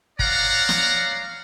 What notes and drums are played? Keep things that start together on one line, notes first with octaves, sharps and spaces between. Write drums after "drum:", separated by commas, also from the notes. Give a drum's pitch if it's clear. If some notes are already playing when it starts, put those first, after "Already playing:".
C#5 D5 F5 F#5 A#5, drum: kick
drum: snare